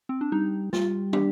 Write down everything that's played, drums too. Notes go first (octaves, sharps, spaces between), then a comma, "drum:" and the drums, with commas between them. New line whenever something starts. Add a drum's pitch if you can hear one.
C4
D4
G3 D#4
G3 F4, drum: snare
D4 G4, drum: tom